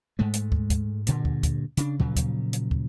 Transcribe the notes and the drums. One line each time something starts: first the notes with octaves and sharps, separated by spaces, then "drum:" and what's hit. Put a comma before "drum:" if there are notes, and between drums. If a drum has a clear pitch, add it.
G#2 G#3 A3
drum: hi-hat
drum: kick
drum: kick, hi-hat
G2 A#2 D3, drum: hi-hat
drum: kick
drum: kick, hi-hat
C#3 D4, drum: hi-hat
A#2 C#3 F3 F#3, drum: kick
drum: kick, hi-hat
drum: hi-hat
drum: kick